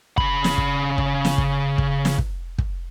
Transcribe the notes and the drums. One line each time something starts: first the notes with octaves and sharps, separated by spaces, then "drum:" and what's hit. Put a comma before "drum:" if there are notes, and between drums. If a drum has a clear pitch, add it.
C#3 B5, drum: kick
drum: snare
drum: kick
drum: kick
drum: snare
drum: kick
drum: kick
drum: snare
drum: kick
drum: kick